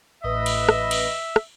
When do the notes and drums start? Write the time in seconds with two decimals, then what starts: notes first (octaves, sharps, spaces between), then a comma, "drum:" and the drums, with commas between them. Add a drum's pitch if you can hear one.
0.24 A1 B4 D#5 E5
0.46 drum: cymbal
0.69 drum: rim click
0.91 drum: cymbal
1.36 drum: rim click